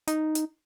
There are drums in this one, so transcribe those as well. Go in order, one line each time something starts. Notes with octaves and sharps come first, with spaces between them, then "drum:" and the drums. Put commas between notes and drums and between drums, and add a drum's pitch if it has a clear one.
D#4, drum: hi-hat
drum: hi-hat